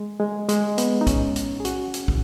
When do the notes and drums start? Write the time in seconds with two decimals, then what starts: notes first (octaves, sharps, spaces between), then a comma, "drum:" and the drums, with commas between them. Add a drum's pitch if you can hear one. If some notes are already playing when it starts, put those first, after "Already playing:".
Already playing: G#3
0.20 G#3
0.49 G#3, drum: hi-hat
0.78 B3, drum: hi-hat
1.01 D#4
1.07 C#4, drum: kick, hi-hat
1.36 drum: hi-hat
1.60 G#4
1.65 F#4, drum: hi-hat
1.94 drum: hi-hat
2.08 drum: kick